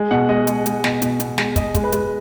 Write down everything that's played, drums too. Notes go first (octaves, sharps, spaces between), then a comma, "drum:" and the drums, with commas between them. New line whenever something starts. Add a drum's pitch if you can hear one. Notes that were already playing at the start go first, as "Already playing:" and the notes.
Already playing: G#3
B2 F#5
G#3 D#5
G#3, drum: hi-hat
G#3, drum: hi-hat
B2, drum: snare
B2, drum: hi-hat
B2, drum: hi-hat
G#3, drum: snare
G#3 D#5, drum: kick, hi-hat
G#3, drum: kick, hi-hat
B4
G#3, drum: hi-hat